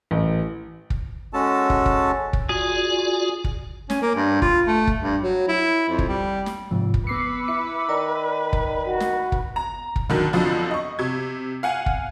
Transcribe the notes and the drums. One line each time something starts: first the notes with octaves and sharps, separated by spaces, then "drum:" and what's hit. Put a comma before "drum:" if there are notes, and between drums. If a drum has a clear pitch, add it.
A1
drum: kick
G#3 C#4 F#4 A4 A5
drum: kick
drum: kick
drum: kick
F4 F#4 G#4 D5
drum: kick
C#4, drum: snare
A#3
G2
F4, drum: kick
A3
drum: kick
G2
F#3
E4
F2
drum: kick
G3
drum: snare
G#2 C3 F3
drum: kick
B3 B4 D6 E6 C7 C#7
E4 C#7
D#3 D5 A#5
drum: kick
F#4
drum: snare
drum: kick
A#5
drum: kick
D3 D#3 F#3
F2 D3 F3 F#3
D#5 C#6
C3 G#6
F5 F#5 G#5
drum: kick